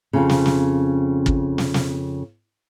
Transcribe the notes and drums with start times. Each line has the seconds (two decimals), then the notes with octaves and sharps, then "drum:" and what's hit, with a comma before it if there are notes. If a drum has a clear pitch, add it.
0.13 F2 C#3
0.29 drum: snare
0.46 drum: snare
1.26 drum: kick
1.58 drum: snare
1.74 drum: snare